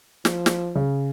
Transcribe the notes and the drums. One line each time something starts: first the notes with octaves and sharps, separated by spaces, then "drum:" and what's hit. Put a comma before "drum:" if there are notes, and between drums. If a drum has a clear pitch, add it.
F3, drum: snare
drum: snare
C#3